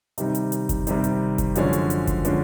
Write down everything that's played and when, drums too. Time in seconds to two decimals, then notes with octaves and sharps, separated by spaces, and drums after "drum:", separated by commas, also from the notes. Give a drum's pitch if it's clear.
0.18 C3 D#3 G3 C4 D#4, drum: hi-hat
0.35 drum: hi-hat
0.52 drum: hi-hat
0.69 drum: kick F#1, hi-hat
0.87 C3 D#3 G3 C4 D#4, drum: hi-hat
1.04 drum: hi-hat
1.38 drum: kick F#1, hi-hat
1.55 F#2 D3 F3 G#3 C#4, drum: hi-hat
1.73 drum: hi-hat
1.90 drum: hi-hat
2.07 drum: kick F#1, hi-hat
2.25 D3 F3 G#3 C#4, drum: hi-hat